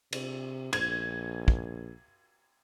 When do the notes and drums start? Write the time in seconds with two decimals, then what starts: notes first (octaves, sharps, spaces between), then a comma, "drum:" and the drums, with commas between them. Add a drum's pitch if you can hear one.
0.13 C3, drum: cymbal
0.73 A#1 G#6, drum: cymbal
1.48 drum: kick